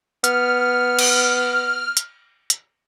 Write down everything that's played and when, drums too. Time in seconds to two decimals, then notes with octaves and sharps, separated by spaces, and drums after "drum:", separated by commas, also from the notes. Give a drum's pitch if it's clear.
0.24 B3 F6, drum: hi-hat
0.99 drum: cymbal
1.97 drum: hi-hat
2.50 drum: hi-hat